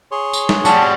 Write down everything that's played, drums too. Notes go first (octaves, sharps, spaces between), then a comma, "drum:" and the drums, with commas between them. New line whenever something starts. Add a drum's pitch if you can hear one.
G#4 C#5 C6
drum: tambourine
drum: snare
G3 F#4 A5, drum: tambourine